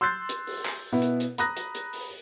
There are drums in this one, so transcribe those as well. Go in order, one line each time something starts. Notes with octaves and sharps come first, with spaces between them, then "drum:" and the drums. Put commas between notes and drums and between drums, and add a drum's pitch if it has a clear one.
C6 E6 F#6 G6 A6 C7
drum: hi-hat
drum: open hi-hat
drum: clap
B2 B3 E4 B4
drum: hi-hat
drum: hi-hat
A#5 B5 D#6 F#6 A#6, drum: hi-hat
drum: hi-hat
drum: hi-hat
drum: open hi-hat